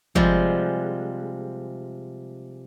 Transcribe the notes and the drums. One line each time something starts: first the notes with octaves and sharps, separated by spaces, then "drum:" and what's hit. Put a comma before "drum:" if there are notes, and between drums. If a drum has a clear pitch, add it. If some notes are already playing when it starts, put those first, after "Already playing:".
C3 F3 G3 G#3, drum: kick